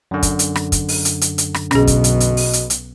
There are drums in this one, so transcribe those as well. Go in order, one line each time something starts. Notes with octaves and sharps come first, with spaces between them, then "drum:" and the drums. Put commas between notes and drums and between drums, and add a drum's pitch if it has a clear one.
F#2 D3
drum: kick, hi-hat
drum: hi-hat
drum: rim click
drum: kick, hi-hat
drum: open hi-hat
drum: hi-hat
drum: hi-hat
drum: hi-hat
drum: rim click
B1 B2 C#4 G#4, drum: rim click
drum: kick, hi-hat
drum: hi-hat
drum: hi-hat
drum: open hi-hat
drum: hi-hat
drum: hi-hat